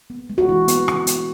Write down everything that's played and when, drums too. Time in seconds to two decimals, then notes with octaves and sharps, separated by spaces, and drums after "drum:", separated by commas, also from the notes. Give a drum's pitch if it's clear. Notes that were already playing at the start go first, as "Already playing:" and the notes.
0.10 B3
0.30 G#3
0.38 F#4
0.49 E3 E4
0.68 B3, drum: hi-hat
0.88 B3, drum: rim click
1.07 B3, drum: hi-hat